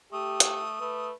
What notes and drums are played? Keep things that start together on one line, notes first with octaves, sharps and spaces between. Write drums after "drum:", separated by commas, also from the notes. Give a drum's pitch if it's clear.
A3 G4 D#6
drum: hi-hat
A3 B4